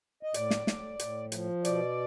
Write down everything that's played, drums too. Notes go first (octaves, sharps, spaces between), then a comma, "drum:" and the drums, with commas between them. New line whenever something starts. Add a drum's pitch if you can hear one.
D#5
A2 D5, drum: hi-hat
drum: snare
A2, drum: snare
A2, drum: hi-hat
F3, drum: hi-hat
B2 D5, drum: hi-hat